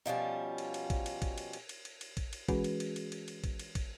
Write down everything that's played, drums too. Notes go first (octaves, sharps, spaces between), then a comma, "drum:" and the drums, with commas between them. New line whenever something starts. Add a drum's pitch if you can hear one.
B2 F3 G3 C#4
drum: cymbal
drum: cymbal
drum: kick, cymbal
drum: cymbal
drum: kick, cymbal
drum: cymbal
drum: cymbal
drum: cymbal
drum: cymbal
drum: cymbal
drum: kick, cymbal
drum: cymbal
E3 G#3 C#4 F#4 G#4 B4, drum: kick, cymbal
drum: cymbal
drum: cymbal
drum: cymbal
drum: cymbal
drum: cymbal
drum: kick, cymbal
drum: cymbal
drum: kick, cymbal